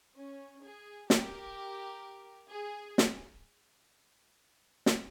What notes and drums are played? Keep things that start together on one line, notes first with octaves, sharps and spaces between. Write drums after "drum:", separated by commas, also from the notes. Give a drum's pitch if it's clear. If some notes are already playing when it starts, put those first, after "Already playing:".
C#4
G#4
G4 A#4, drum: snare
G#4
drum: snare
drum: snare